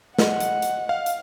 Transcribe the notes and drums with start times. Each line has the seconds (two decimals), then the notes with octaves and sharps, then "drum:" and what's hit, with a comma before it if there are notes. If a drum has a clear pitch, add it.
0.19 D#5 F#5, drum: snare
0.40 drum: hi-hat
0.62 drum: hi-hat
0.89 F5
1.06 drum: hi-hat